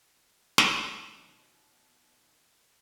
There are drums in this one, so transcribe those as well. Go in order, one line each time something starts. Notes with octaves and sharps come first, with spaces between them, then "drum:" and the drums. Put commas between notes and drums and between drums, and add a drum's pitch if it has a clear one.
drum: snare
B2 D#3 F3 C#4 D#4 F#4